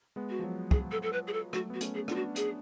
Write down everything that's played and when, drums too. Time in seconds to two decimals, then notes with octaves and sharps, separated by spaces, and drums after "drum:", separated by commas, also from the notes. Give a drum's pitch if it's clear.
0.16 G#3 B3
0.30 F#4
0.39 F3
0.44 F#3
0.71 G#4, drum: kick
0.91 A4
1.03 A4
1.13 B4
1.27 G#4
1.33 A4
1.53 F#3 A3 F#4, drum: rim click
1.70 B3 F#4
1.81 A3 C#4, drum: hi-hat
1.95 G#4
2.08 B3 D4 F4, drum: rim click
2.15 F#4
2.36 G#4, drum: hi-hat